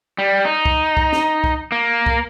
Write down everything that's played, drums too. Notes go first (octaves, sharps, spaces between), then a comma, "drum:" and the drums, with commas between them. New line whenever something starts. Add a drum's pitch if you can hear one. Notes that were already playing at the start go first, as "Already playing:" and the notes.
G3
D#4
drum: kick
drum: kick
drum: snare
drum: kick
A#3
drum: kick